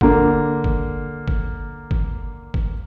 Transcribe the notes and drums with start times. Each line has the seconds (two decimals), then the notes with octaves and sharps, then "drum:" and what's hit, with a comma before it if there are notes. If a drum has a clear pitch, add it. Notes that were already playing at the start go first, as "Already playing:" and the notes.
0.01 D3 A#3, drum: kick
0.64 drum: kick
1.28 drum: kick
1.91 drum: kick
2.54 drum: kick